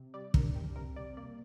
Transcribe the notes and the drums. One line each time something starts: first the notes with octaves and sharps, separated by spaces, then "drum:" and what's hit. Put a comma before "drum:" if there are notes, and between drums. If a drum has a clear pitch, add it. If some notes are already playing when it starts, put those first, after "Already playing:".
Already playing: C3
G3 D5
D4 A#4, drum: kick
C3 G4
C3 A#4
G3 D5
A#3 D5